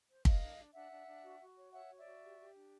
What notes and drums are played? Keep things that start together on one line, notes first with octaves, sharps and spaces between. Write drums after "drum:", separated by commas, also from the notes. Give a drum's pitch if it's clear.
C5
A#4 D#5 F5, drum: kick
D4
D4
D4 E5 F#5
D4
D4
F#4
F#4
C#5
C#5 E5 F#5
F#4
D5 E5
F#4
G4
G4
D4